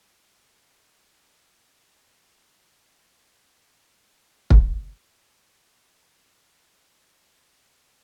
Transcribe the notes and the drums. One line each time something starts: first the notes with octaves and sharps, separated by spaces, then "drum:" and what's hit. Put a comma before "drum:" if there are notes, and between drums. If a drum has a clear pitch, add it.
C4
F2 B2 A4 E5
F#5
D3 E3 F3 A3 A#3 C#4
drum: kick
G5
B4
C#4